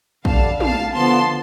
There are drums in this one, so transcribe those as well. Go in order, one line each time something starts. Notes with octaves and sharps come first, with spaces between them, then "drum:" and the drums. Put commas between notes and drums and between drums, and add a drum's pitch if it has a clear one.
D3 G3 D4 F5 A5, drum: kick A#1
F5 A5, drum: tom
D3 F3 B3 A5 C6